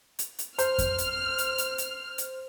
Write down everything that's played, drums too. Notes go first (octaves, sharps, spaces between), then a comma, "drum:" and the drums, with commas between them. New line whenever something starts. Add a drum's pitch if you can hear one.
drum: hi-hat
drum: hi-hat
C5 F6, drum: hi-hat
drum: kick F2, hi-hat
drum: hi-hat
drum: hi-hat
drum: hi-hat
drum: hi-hat
drum: hi-hat